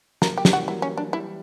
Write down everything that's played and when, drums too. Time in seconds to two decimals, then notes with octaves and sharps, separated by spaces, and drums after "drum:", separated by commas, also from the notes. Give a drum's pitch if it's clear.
0.22 F#3 A#3 A#4, drum: snare
0.37 G4
0.45 E3 G3, drum: snare
0.53 F#4
0.67 F#3 A#3 E4
0.82 C#4
0.97 D4
1.13 E3 G3 E4